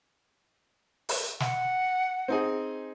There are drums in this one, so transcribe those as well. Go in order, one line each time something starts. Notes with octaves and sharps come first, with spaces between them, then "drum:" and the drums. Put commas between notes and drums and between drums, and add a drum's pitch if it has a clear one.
drum: open hi-hat
F#5, drum: snare
C4 D#4 G#4